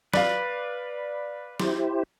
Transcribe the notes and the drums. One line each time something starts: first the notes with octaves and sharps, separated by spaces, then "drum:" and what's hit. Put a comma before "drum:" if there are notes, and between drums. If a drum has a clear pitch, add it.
B4 D5 F5, drum: snare
E4 G4 C5, drum: snare